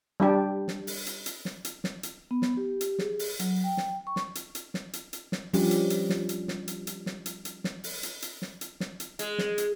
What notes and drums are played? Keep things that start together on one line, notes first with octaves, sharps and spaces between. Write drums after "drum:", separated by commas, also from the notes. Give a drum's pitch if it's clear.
G3 D4 G4
drum: snare
drum: open hi-hat
drum: hi-hat
drum: hi-hat
drum: snare
drum: hi-hat
drum: snare
drum: hi-hat
B3
drum: snare
G4
drum: hi-hat
G#4, drum: snare
drum: open hi-hat
F#3, drum: hi-hat
G5
drum: snare
C#6
drum: snare
drum: hi-hat
drum: hi-hat
drum: snare
drum: hi-hat
drum: hi-hat
drum: snare
F3 G3 C#4 D4 G4, drum: open hi-hat
drum: hi-hat
drum: hi-hat
drum: snare
drum: hi-hat
drum: snare
drum: hi-hat
drum: hi-hat
drum: snare
drum: hi-hat
drum: hi-hat
drum: snare
drum: open hi-hat
drum: hi-hat
drum: hi-hat
drum: snare
drum: hi-hat
drum: snare
drum: hi-hat
G#3, drum: hi-hat
drum: snare
drum: hi-hat